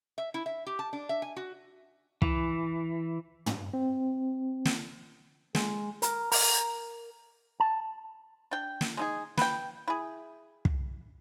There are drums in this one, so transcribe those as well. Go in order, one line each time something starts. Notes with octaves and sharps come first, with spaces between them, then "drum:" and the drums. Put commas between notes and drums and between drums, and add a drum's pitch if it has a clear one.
E5
E4
E5
G4
A5
D4
E5
G#5
F#4
E3, drum: kick
drum: tom
C4
drum: snare
G#3, drum: snare
A#4, drum: hi-hat
A#4, drum: open hi-hat
A5
D4 G5
drum: snare
G#3 D#4 G#4
B4 G5, drum: snare
E4 G#4
drum: kick